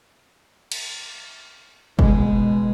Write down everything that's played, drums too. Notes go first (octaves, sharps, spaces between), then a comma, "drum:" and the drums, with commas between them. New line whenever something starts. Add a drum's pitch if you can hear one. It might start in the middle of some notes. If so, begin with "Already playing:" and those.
drum: cymbal
B2 G#3, drum: kick